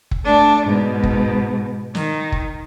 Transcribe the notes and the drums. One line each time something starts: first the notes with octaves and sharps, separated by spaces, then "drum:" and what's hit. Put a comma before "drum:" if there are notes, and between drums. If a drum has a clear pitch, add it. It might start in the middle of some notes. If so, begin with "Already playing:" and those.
drum: kick
A3 D4
G#2 B2
drum: kick
D#3, drum: snare
drum: kick